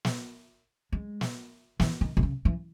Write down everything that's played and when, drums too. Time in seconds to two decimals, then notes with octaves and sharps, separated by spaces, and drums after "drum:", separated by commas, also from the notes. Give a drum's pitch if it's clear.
0.05 drum: snare
0.92 G#3
1.21 drum: snare
1.80 E3, drum: snare
2.01 D#3
2.17 B2
2.23 C#3
2.45 E3